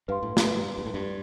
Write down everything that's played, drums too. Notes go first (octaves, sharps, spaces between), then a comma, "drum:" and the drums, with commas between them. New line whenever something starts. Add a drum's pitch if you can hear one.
G2 B4 F5 C6
A2
G2, drum: snare
G2
A2
G2